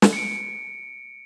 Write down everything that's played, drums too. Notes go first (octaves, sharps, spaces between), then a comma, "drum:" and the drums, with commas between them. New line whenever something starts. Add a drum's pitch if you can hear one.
drum: snare
C#7 D7